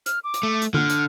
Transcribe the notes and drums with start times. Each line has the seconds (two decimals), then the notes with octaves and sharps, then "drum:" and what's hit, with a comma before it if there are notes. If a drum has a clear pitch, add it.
0.06 F6, drum: hi-hat
0.24 D6
0.34 drum: hi-hat
0.43 A3
0.62 drum: hi-hat
0.74 D3 F6, drum: tom D3
0.90 drum: hi-hat